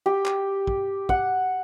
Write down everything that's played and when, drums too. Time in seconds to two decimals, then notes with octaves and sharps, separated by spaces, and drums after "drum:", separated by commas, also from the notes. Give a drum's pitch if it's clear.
0.06 G4
0.26 drum: clap
0.67 drum: kick
1.09 F#5, drum: kick